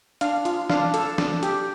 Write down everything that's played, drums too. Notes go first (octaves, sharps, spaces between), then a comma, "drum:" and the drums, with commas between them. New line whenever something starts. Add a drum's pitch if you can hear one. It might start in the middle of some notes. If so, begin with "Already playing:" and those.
D4 F5, drum: hi-hat
F4, drum: hi-hat
D4 F5, drum: snare
A4, drum: hi-hat
D4, drum: snare
G4, drum: hi-hat